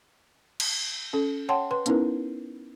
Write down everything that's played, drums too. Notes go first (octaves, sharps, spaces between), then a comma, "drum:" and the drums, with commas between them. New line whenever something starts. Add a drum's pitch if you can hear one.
drum: cymbal
C#4 A4
C#5 F#5 G5 A5 C6
B4 C6
B3 C#4 D#4 E4 A#4 B4, drum: hi-hat